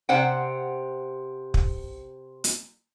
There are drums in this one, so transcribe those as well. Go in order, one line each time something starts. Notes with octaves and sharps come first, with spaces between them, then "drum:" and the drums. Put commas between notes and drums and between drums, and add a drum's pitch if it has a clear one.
C3 C5 F#5 G5
drum: kick
drum: hi-hat